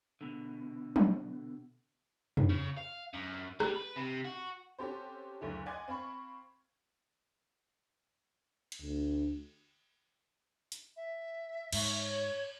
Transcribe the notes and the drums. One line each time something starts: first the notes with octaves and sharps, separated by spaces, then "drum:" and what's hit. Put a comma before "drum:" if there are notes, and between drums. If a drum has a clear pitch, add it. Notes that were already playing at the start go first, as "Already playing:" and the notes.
B2 D3
drum: tom F3
drum: tom
C#3
F5
F#2
G3, drum: rim click
B4
C3
F#4
C4 C#4 F#4 G4 A4 C5
F#1 D2 D3 E4
D5 D#5 F#5 G#5 C6 G#6
C4 F5 B5 C#6
drum: cymbal
D2
drum: hi-hat
E5
G#2 C#5, drum: cymbal